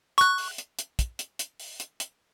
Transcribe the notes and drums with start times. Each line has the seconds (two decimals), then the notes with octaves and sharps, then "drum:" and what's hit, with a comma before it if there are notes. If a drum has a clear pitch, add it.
0.18 C#6 F#6, drum: hi-hat
0.38 drum: open hi-hat
0.58 drum: hi-hat
0.79 drum: hi-hat
0.99 drum: kick, hi-hat
1.19 drum: hi-hat
1.39 drum: hi-hat
1.60 drum: open hi-hat
1.80 drum: hi-hat
2.00 drum: hi-hat